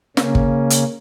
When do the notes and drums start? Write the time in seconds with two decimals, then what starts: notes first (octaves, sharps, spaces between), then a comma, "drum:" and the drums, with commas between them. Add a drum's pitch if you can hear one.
0.17 C#3 A#3 C#4, drum: snare
0.35 drum: kick
0.70 drum: hi-hat